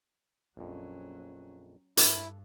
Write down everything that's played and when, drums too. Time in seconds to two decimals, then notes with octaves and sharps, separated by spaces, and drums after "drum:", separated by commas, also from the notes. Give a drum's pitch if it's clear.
0.57 A#1 F2 F#3 C#4
1.97 G2 E4 A4, drum: hi-hat